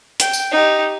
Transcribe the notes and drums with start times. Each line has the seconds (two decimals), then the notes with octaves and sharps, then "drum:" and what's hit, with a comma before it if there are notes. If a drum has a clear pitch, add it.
0.20 G5, drum: hi-hat
0.33 drum: tambourine
0.51 D#4 G4